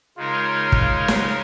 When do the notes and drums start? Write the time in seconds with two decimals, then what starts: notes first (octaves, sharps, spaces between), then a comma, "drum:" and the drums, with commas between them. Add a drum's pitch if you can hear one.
0.17 C#3 G#3 D#4 F4 A#4 C#5
0.72 drum: kick
1.08 drum: snare